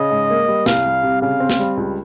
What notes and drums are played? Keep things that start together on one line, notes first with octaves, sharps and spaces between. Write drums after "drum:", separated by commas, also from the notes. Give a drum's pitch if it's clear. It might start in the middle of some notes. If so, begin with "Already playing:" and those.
Already playing: C#3 D#5
G#2
A#3
G3
C2 F5, drum: snare
G3
C3
C#3 F5
C4
drum: snare
G3
C#2